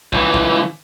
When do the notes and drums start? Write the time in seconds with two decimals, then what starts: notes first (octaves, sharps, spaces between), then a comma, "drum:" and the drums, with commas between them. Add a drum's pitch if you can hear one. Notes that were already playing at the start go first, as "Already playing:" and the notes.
0.13 C#2 E3, drum: kick
0.34 drum: kick